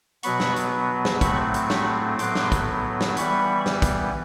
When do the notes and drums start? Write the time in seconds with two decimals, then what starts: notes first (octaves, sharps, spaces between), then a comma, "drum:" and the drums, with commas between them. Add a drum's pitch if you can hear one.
0.23 B2 F#3 B3 B5 C#6, drum: hi-hat
0.40 drum: snare
0.56 drum: hi-hat
1.05 drum: snare
1.21 A2 F#3 A3 C4 B5 C#6, drum: kick, hi-hat
1.54 drum: hi-hat
1.70 B5 C#6, drum: snare
2.19 A2 F#3 B3 C6 D6, drum: hi-hat
2.35 drum: snare
2.52 drum: kick, hi-hat
3.01 drum: snare
3.17 E3 G3 B3 B5 C#6, drum: hi-hat
3.66 drum: snare
3.82 drum: kick, hi-hat